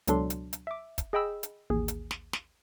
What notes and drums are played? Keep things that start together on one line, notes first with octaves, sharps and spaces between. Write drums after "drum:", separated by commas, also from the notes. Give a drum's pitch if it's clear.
C#2 B2 F#3 D4 A4 C6, drum: hi-hat
drum: hi-hat
drum: hi-hat
E5 D6
drum: kick, hi-hat
G#4 D#5 G5 B5 E6
drum: hi-hat
A1 D#2 G#4
drum: hi-hat
drum: snare
drum: snare